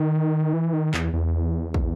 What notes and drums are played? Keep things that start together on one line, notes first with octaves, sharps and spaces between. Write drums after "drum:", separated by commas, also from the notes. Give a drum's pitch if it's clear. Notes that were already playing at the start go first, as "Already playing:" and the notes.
Already playing: D#3
E3
D#3
E2, drum: clap
E2
drum: kick